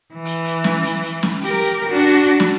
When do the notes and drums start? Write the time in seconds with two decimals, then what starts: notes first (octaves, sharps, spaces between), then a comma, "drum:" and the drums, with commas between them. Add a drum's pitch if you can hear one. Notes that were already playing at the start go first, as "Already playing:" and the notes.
0.14 E3
0.25 drum: hi-hat
0.45 drum: hi-hat
0.64 drum: snare
0.84 drum: hi-hat
1.03 drum: hi-hat
1.23 drum: snare
1.42 G4 A#4, drum: hi-hat
1.62 drum: hi-hat
1.88 D4 F#4
2.20 drum: hi-hat
2.40 drum: snare